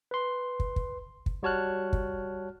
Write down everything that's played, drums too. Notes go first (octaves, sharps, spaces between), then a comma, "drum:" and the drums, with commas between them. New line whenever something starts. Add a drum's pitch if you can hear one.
B4 C6
drum: kick
drum: kick
drum: kick
G3 F#4 C#5 A5 F6 F#6
drum: kick